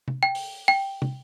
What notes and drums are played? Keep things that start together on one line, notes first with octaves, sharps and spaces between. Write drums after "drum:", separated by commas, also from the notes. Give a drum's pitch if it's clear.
drum: tom C3
G5
drum: open hi-hat
G5
drum: tom